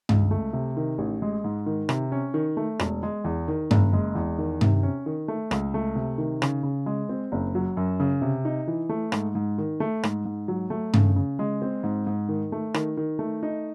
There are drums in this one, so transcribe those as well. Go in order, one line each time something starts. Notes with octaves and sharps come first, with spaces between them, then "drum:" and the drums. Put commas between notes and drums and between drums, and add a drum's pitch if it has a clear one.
C#2, drum: tom G2
A3
C3
D#3
A1
G#3
G#2
D#3
C3, drum: rim click
C#4
D#3
A3
E1, drum: rim click
G#3
E2
D#3
F#1, drum: tom G2
G#3
E2
D#3
C3, drum: tom G2
C#4
D#3
A3
C#2, drum: rim click
A3
C3
D#3
C#3, drum: rim click
C#3
G#3
C4
F#1
F#3
F#2
C#3
C3
D#4
E3
A3
G#2, drum: rim click
G#2
D#3
A3
G#2, drum: rim click
G#2
F#3
A3
C#3, drum: tom G2
C#3
G#3
C4
G#2
G#2
D#3
A3
D#3, drum: rim click
D#3
A3
D#4